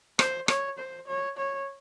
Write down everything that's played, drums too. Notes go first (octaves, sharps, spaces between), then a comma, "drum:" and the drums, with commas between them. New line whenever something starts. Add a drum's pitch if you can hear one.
C5, drum: rim click
C#5, drum: rim click
C5
C#5
C#5